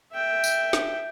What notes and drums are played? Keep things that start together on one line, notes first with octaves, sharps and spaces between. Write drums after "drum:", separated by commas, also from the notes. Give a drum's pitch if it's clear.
E5 G5
drum: tambourine
drum: snare